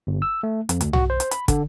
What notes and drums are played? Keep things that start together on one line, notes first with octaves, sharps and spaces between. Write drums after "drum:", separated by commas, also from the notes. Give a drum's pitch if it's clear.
G1
E6
A3
F2, drum: hi-hat
D2, drum: hi-hat
F#4, drum: tom
C5
drum: hi-hat
B5, drum: hi-hat
D3, drum: kick, hi-hat